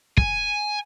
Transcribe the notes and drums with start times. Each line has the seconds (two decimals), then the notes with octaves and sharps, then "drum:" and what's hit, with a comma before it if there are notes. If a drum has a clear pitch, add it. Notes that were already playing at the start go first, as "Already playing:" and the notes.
0.17 G#5, drum: kick